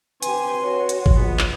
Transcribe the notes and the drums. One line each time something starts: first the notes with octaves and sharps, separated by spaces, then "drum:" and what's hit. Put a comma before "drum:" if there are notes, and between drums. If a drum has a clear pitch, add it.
C4 G4 B4 G#5 C6, drum: hi-hat
F#4 C#5
drum: hi-hat
drum: kick
A#2 F3 G#3 B3
drum: clap